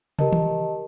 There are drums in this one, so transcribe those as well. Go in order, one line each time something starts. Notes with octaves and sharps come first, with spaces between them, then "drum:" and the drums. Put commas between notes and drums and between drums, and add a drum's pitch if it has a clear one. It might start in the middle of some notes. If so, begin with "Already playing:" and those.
G4 A#4 D#5 A5, drum: tom
drum: tom D#3